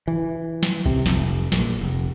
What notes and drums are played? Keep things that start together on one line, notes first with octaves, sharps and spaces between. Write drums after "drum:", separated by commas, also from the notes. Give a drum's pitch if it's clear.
E3
drum: snare
C3, drum: kick B1
F1, drum: snare
A#1, drum: snare
F1